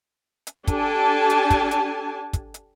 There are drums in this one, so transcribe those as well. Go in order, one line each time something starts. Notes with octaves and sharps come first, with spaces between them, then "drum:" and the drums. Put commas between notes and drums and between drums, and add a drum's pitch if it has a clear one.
drum: hi-hat
D4 G4 A4 G#5 A5, drum: kick, hi-hat
drum: hi-hat
drum: kick, hi-hat
drum: hi-hat
drum: kick, hi-hat
drum: hi-hat